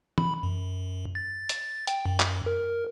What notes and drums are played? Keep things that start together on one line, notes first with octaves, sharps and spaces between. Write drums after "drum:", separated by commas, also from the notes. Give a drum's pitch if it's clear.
B5, drum: tom
F#2
A6
drum: hi-hat
G5, drum: hi-hat
F#2
drum: clap
A#4